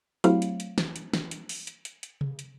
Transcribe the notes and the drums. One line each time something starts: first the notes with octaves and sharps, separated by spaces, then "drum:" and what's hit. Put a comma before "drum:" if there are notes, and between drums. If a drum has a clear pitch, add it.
F#3 A3 C4 E4 G4 F5, drum: hi-hat
drum: hi-hat
drum: hi-hat
drum: snare
drum: hi-hat
drum: snare
drum: hi-hat
drum: open hi-hat
drum: hi-hat
drum: hi-hat
drum: hi-hat
drum: tom C3
drum: hi-hat